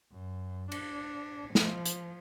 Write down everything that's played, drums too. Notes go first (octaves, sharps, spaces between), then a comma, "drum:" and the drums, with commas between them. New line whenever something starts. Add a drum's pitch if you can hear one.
F#2
D4, drum: cymbal
F3, drum: snare
drum: hi-hat